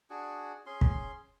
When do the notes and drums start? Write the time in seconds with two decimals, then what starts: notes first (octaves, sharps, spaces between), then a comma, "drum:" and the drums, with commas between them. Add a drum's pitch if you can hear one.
0.10 D4 F#4 G#4
0.66 C#4 G#4 C6
0.81 drum: kick